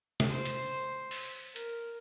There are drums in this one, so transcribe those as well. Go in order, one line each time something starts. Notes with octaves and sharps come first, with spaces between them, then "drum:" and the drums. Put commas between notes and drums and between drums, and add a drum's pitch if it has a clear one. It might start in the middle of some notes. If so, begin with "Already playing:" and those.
drum: snare
C5
drum: hi-hat
drum: open hi-hat
A#4, drum: hi-hat